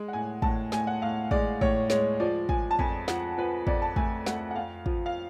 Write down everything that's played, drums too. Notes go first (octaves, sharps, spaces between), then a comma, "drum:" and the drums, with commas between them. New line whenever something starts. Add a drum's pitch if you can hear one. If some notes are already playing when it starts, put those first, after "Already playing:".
Already playing: G#3
F#5
A2 G#5
A2 A5, drum: kick
A2 G#5, drum: snare
F#5
A2 F5
G#3 D5, drum: kick
A2 C#5, drum: kick
G#3 C#5, drum: snare
F3 D5
F3 G#5, drum: kick
A5
F2 G#5, drum: kick
F3 F#5, drum: snare
F3 B4
F2 D5, drum: kick
A5
A3 G#5, drum: kick
A3 F#5, drum: snare
F#5
F2 F5
F3, drum: kick
F5